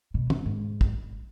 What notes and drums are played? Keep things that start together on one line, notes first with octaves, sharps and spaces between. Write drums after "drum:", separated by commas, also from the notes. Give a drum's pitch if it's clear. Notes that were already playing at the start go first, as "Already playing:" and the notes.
B2
F#2, drum: tom
G#2
drum: kick